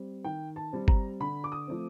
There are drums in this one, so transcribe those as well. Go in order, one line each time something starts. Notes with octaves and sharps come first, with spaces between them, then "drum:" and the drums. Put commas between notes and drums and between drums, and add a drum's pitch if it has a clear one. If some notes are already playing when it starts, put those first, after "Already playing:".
Already playing: G3 C4
D#3 G5
A5
G3 C4
A#5, drum: kick G1
D3 B5
D6
D#6
F3 A3 C4